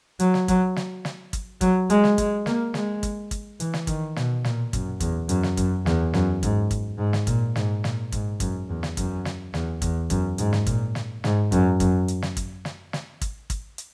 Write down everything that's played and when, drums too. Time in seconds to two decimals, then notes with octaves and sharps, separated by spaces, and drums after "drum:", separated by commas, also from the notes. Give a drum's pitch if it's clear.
0.19 F#3, drum: hi-hat
0.34 drum: snare
0.48 F#3, drum: kick, hi-hat
0.76 drum: snare
1.05 drum: snare
1.33 drum: kick, hi-hat
1.61 F#3, drum: kick, hi-hat
1.90 G#3, drum: hi-hat
2.04 drum: snare
2.18 G#3, drum: kick, hi-hat
2.46 A#3, drum: snare
2.74 G#3, drum: snare
3.03 drum: kick, hi-hat
3.31 drum: kick, hi-hat
3.60 E3, drum: hi-hat
3.74 drum: snare
3.87 D#3, drum: kick, hi-hat
4.16 B2, drum: snare
4.44 A#2, drum: snare
4.73 F#2, drum: kick, hi-hat
5.00 E2, drum: kick, hi-hat
5.29 F#2, drum: hi-hat
5.43 drum: snare
5.57 F#2, drum: kick, hi-hat
5.86 E2, drum: snare
6.14 F#2, drum: snare
6.43 G#2, drum: kick, hi-hat
6.71 drum: kick, hi-hat
6.98 G#2
7.13 drum: snare
7.27 A#2, drum: kick, hi-hat
7.56 G#2, drum: snare
7.84 A#2, drum: snare
8.12 G#2, drum: kick, hi-hat
8.40 F#2, drum: kick, hi-hat
8.69 E2
8.83 drum: snare
8.97 F#2, drum: kick, hi-hat
9.25 drum: snare
9.54 E2, drum: snare
9.82 E2, drum: kick, hi-hat
10.10 F#2, drum: kick, hi-hat
10.38 G#2, drum: hi-hat
10.53 drum: snare
10.66 A#2, drum: kick, hi-hat
10.95 drum: snare
11.24 G#2, drum: snare
11.52 F#2, drum: kick, hi-hat
11.80 F#2, drum: kick, hi-hat
12.08 drum: hi-hat
12.22 drum: snare
12.37 drum: kick, hi-hat
12.65 drum: snare
12.93 drum: snare
13.21 drum: kick, hi-hat
13.50 drum: kick, hi-hat
13.78 drum: hi-hat